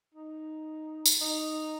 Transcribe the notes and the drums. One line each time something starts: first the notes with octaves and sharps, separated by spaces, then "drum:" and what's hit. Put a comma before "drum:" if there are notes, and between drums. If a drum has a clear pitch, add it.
D#4
drum: tambourine
D#4